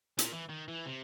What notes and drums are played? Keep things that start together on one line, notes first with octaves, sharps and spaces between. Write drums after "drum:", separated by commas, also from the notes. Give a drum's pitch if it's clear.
A#2, drum: hi-hat
E3
D#3
E3
C3